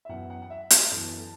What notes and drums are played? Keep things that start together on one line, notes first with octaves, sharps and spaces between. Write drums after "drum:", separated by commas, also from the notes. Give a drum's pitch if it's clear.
E5
F#2 E3 B3 F#5
F#5
F#5
E5
D#5, drum: hi-hat
F#2 E3 B3 A4
A4